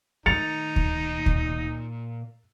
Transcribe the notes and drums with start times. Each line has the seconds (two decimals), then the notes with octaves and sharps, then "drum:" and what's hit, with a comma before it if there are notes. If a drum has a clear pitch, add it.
0.26 A#2 D#3 A3 D#4 A#5 A6 C#7 F7
0.76 drum: kick D2
1.26 drum: kick D2